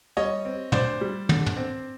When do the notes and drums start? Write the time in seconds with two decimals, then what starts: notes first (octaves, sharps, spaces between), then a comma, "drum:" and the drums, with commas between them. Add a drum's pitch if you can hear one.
0.17 G3 C#5 D#5
0.45 C4
0.72 D2 C5 D5, drum: tom
1.01 G3
1.29 D3, drum: tom
1.46 drum: tom
1.57 C4